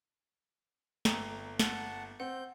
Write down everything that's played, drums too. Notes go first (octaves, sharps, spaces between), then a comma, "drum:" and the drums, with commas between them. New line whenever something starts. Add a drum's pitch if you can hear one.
G1 G5 A#5, drum: snare
F#5 A5, drum: snare
C4 F#5 G6